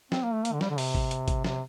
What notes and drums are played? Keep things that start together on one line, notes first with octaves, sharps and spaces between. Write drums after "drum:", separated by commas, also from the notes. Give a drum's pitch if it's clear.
C4, drum: snare
A#3
A3
A#3, drum: hi-hat
D3
G3, drum: snare
D3
C3, drum: open hi-hat
drum: kick
drum: hi-hat
drum: kick, hi-hat
C3, drum: snare